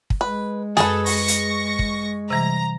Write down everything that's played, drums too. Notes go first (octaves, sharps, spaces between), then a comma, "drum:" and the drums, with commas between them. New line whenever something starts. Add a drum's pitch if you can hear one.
drum: kick
G#3 B4
F#2 G#4 A4 B4 A5, drum: snare
C#6 A#6 C#7, drum: open hi-hat
drum: hi-hat
drum: kick
C3 E3 G3 A#5